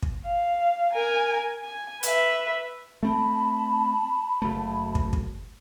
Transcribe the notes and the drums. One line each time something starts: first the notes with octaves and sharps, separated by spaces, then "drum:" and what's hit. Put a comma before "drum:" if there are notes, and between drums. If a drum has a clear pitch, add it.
drum: kick
F5
A#4 G#5
G#5
B4 E5, drum: hi-hat
A3 C4 A5 B5
F#1 A3
drum: kick
drum: kick